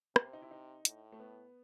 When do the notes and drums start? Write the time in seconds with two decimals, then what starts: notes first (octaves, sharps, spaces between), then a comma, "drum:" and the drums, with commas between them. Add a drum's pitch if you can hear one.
0.16 C3 B3, drum: rim click
0.25 C4
0.33 D#4
0.42 E4
0.51 D#4
0.85 A2, drum: hi-hat
1.12 A3
1.19 B3